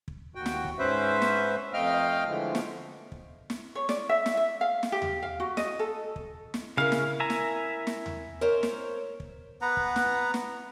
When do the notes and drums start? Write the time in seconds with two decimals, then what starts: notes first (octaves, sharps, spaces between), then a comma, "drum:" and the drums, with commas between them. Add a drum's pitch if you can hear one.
0.08 drum: kick
0.35 D#2 F#4 G5
0.46 drum: snare
0.65 drum: kick
0.79 G#2 C#4 B4 C5 E5
1.22 drum: snare
1.74 F2 A3 D#5 F5 G5 F6
2.27 D3 E3 F3 G#3 A3
2.55 drum: snare
3.12 drum: kick
3.50 drum: snare
3.75 C#5
3.89 D5, drum: snare
4.09 E5
4.26 drum: snare
4.37 E5
4.61 F5
4.83 drum: snare
4.92 G4
5.02 drum: tom D#2
5.22 F5
5.40 F#4
5.57 D#5, drum: snare
5.79 A4
6.16 drum: kick
6.54 drum: snare
6.77 C#3 E4 A#4 F5
6.92 drum: snare
7.20 E5 G#5 A#5
7.30 drum: snare
7.87 drum: snare
8.06 drum: tom D#2
8.41 A#4 C5 C#5
8.63 drum: snare
9.20 drum: kick
9.62 B3 B4 F#5 A#5
9.77 drum: kick
9.96 drum: snare
10.34 drum: snare